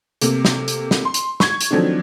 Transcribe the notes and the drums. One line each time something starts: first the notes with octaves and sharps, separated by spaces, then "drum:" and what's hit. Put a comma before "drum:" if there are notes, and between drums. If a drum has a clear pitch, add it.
C3 A3 A#3, drum: hi-hat
drum: snare
drum: hi-hat
drum: snare
C6
drum: hi-hat
C#6 G#6, drum: snare
drum: hi-hat
D#3 F3 F#3 A3 C4 D4